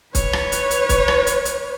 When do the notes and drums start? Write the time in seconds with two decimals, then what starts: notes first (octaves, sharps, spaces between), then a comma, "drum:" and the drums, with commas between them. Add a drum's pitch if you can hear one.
0.15 B4 C#5, drum: kick, hi-hat
0.33 drum: rim click
0.52 drum: hi-hat
0.71 drum: hi-hat
0.89 drum: kick, hi-hat
1.08 drum: rim click
1.27 drum: hi-hat
1.45 drum: hi-hat